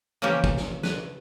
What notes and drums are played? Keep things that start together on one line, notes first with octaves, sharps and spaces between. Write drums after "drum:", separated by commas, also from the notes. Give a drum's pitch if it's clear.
C#3 E3 F3 A#3 C#4 G4
drum: kick
drum: snare
B4, drum: snare